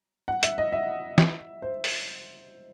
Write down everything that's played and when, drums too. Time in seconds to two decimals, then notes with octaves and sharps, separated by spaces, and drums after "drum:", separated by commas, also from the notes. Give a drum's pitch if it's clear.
0.28 F#5
0.43 E5, drum: hi-hat
0.58 D#5
0.72 E5
1.18 drum: snare
1.62 C5
1.84 drum: open hi-hat